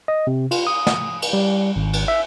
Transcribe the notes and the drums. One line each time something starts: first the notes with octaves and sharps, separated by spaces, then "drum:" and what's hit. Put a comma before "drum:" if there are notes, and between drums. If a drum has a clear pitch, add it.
D#5
C3
F4, drum: cymbal
D#6
drum: snare
drum: cymbal
G3
G#1
drum: cymbal
E5